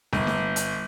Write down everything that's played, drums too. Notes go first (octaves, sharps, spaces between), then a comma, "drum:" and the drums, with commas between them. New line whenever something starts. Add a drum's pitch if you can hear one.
G1, drum: snare
drum: snare
drum: hi-hat